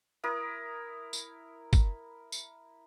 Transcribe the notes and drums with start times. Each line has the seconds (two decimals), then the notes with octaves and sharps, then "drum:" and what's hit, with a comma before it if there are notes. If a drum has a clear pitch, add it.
0.24 E4 A#4 D#6
1.13 drum: tambourine
1.73 drum: kick, tambourine
2.32 drum: tambourine